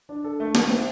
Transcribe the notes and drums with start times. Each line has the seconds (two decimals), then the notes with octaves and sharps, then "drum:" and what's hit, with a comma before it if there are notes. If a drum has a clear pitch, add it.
0.09 D4
0.24 A4
0.40 A3
0.55 D#3, drum: snare
0.70 C4